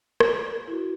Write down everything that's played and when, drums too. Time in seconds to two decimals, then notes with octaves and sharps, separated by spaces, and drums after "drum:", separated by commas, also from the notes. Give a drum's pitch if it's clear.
0.20 drum: rim click
0.68 E4
0.72 F#4